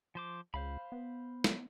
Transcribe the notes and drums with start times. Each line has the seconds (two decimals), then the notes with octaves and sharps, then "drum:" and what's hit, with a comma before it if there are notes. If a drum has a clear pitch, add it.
0.15 F3 C5 D6
0.54 C#2 C5 F5 B5
0.92 B3
1.44 drum: snare